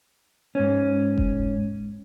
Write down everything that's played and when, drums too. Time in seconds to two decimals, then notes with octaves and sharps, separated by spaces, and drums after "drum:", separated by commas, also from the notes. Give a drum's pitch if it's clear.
0.55 G#2 C#4
1.18 drum: kick F1